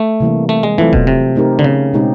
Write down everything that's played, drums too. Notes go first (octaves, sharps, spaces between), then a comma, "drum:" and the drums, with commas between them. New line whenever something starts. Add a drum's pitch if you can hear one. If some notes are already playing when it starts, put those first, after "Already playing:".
Already playing: A3
C3 E3 G3 A#3
A3
G#3
E3 F#3 A3 C4 F4 A4
B2, drum: kick E1
C3
A3 C4 D#4 G4 A#4
D3
C#3
B2 G#3 C4 D#4 G4